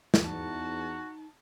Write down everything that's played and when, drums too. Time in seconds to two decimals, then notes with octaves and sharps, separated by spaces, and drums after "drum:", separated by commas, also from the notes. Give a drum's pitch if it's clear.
0.14 drum: snare
0.23 E2 D#4 F#4 A5